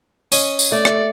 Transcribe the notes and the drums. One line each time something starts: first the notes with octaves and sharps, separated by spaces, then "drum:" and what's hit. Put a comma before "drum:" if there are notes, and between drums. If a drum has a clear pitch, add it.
C#4 D#5 G#5, drum: tambourine
drum: tambourine
A3 D5
drum: rim click